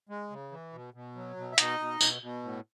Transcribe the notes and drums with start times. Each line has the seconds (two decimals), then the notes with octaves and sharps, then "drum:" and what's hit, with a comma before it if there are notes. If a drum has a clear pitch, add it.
0.09 G#3
0.30 C#3
0.51 E3
0.73 B2
0.94 B2
1.15 F#3
1.37 B2
1.52 E5
1.58 B2 D#4 D#5, drum: hi-hat
1.80 B2
2.01 B2, drum: tambourine
2.22 B2
2.43 A2